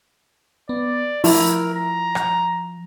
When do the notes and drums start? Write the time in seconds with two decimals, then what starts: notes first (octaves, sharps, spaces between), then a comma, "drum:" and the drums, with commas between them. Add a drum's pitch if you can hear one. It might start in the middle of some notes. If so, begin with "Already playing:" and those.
0.69 B3 D5
1.24 F3 E4 A#4, drum: open hi-hat
1.74 A#5
2.15 drum: rim click